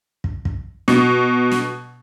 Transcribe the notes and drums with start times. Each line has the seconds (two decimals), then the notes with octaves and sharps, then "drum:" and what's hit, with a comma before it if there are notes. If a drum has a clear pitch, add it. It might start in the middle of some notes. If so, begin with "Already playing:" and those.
0.24 drum: kick
0.45 drum: kick
0.88 B2, drum: snare
1.51 drum: snare